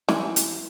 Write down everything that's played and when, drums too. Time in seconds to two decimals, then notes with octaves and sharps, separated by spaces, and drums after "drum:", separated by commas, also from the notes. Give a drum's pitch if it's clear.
0.09 E3, drum: snare
0.36 drum: hi-hat